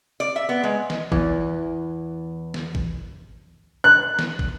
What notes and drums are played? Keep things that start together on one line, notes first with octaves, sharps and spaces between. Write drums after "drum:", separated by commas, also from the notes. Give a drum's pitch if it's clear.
D5
E5
B3
G#3
drum: snare
E2 E3, drum: kick
drum: snare
drum: kick
F#6
drum: snare
drum: kick